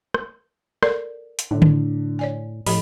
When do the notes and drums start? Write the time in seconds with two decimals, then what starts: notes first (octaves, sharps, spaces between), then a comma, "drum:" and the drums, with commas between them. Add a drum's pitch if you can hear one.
0.14 drum: rim click
0.83 A4 A#4 D5, drum: rim click
1.39 drum: hi-hat
1.51 A2 D3
1.62 drum: tom D3
2.19 C#5 D5 G#5
2.66 A2 F3 G4 A4 B5, drum: open hi-hat